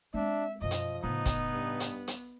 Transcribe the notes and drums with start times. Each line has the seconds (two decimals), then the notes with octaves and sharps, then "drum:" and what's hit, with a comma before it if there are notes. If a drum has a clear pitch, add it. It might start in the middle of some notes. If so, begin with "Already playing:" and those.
0.14 G#3 C4 D4 E5
0.62 F#2 B2 F3 D#5
0.71 drum: hi-hat
1.04 A2 C#3 B3 D#4
1.26 drum: kick, hi-hat
1.53 G2
1.80 drum: hi-hat
2.08 drum: hi-hat